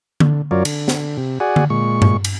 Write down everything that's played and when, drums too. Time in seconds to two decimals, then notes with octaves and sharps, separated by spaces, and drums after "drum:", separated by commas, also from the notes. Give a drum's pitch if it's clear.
0.20 D3, drum: tom D3
0.51 F#2 F#3 F4 A#4 C#5 D5
0.65 D3, drum: cymbal
0.88 drum: snare
1.17 C3
1.40 F#4 G#4 D5 F#5 G#5
1.56 drum: tom D3
1.70 A#2 G#3 C#6
2.02 drum: tom G2
2.24 drum: cymbal